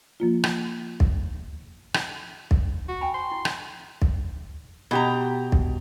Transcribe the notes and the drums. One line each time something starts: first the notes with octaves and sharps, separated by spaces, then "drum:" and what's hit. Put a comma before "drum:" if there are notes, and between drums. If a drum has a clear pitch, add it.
F3 A#3 F4
drum: rim click
drum: kick
drum: rim click
drum: kick
F#4
G5 G#5 B5
C6
E4
drum: rim click
drum: kick
B2 G4 A#5
drum: kick